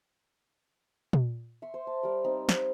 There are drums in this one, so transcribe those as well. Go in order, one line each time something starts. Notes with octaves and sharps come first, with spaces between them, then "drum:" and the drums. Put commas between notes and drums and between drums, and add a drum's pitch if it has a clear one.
drum: tom A#2
E5 C6 C#6
C5
A5
G3 A#4
C4 D#4
F5, drum: snare